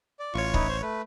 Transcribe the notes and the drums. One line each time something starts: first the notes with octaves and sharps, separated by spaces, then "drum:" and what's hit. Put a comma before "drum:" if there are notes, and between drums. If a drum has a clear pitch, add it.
D5
A1 F4 C#5 C#6
D#4 E4 B4, drum: kick
C5 C#6
A3 B4